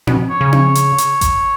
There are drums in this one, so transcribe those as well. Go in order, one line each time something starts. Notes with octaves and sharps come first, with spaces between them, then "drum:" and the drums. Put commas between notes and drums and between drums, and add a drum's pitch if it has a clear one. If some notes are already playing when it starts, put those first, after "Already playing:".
B2, drum: tom C4
C#5
C#3
C#5, drum: tom C4
drum: hi-hat
drum: hi-hat
drum: kick G#1, hi-hat